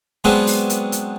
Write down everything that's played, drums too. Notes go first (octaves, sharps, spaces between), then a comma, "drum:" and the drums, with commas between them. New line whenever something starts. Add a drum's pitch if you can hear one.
F#3 G#3 B3 C4 D4
drum: open hi-hat
drum: hi-hat
drum: hi-hat